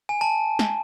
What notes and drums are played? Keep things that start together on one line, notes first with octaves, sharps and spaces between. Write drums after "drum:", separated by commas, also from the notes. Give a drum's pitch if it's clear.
G#5
A5
drum: snare